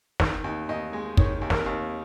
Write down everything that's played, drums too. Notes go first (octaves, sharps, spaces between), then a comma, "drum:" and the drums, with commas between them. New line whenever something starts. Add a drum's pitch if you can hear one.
D#3, drum: snare
D#2
D#2 D#5
G#3
D#3 C#5, drum: kick
D#2
A#4, drum: snare
D#2